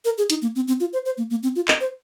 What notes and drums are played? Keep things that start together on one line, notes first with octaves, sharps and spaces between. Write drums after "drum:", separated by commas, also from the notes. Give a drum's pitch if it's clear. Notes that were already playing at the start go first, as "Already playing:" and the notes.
A#4
G#4
D#4, drum: hi-hat
A#3
C4
C4
F4
C5
C5
A#3
A#3
C4
F4
D#5, drum: clap
C5